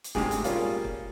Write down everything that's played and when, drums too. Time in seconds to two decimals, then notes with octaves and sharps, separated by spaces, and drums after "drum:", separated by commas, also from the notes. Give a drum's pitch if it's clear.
0.04 drum: hi-hat
0.15 D2 G#2 C3 G#4, drum: snare
0.31 drum: hi-hat
0.44 A#2 G3 A#3 C#4 F4 G#4, drum: hi-hat
0.84 drum: kick